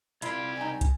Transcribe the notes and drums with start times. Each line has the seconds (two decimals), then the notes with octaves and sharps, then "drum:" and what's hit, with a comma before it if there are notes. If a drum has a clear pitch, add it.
0.22 C2 E4 F4 G4 G#6, drum: hi-hat
0.57 G3 D#4 G#5
0.81 drum: kick, hi-hat